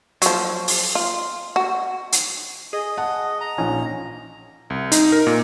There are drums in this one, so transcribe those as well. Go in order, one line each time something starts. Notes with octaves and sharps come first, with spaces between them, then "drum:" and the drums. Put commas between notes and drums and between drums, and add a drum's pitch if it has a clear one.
F3 F#3, drum: hi-hat
drum: open hi-hat
F4
F#4
drum: hi-hat
G#4 D#5
F#5 A5
A#5
A#1 F3 C#4 D#4
C2
D#4, drum: hi-hat
A#4
A#2